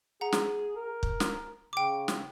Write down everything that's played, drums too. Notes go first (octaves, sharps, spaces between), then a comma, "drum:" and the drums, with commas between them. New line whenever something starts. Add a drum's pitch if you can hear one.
G#4 F#5 A#5
drum: snare
A#4
drum: kick
drum: snare
C#3 G5 D6
drum: snare